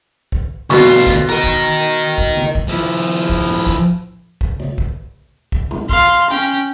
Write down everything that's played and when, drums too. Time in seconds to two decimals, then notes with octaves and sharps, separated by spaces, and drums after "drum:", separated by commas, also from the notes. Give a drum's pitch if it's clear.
0.32 drum: kick
0.70 D2 B2 F4 C#6
1.07 drum: kick
1.30 A#4 D#5
1.44 drum: kick
2.18 drum: kick
2.37 drum: tom C#3
2.55 drum: kick
2.68 F3 E4
3.29 drum: kick
3.48 drum: tom A2
3.67 drum: kick
4.41 drum: kick
4.59 drum: tom C#3
4.78 drum: kick
5.52 drum: kick
5.71 drum: tom A#2
5.89 F5 C6, drum: kick
6.30 C#4 G5